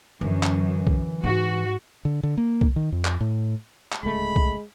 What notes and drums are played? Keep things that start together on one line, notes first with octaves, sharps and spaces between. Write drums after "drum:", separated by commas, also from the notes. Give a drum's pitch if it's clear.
F#2 D3 E3
drum: clap
drum: kick B1
G#2 F#4
D3
D3
A#3
drum: kick B1
D#3
F2
drum: clap
A2
drum: clap
D1 C#2 G#3 A3 B5
drum: kick B1